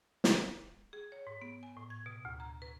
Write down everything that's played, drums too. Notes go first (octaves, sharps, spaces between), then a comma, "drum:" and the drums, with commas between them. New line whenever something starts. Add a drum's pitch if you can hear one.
drum: snare
G#4
C#5
G#2
B3
G#5
A2
G#6
B2
D2
A#5
B4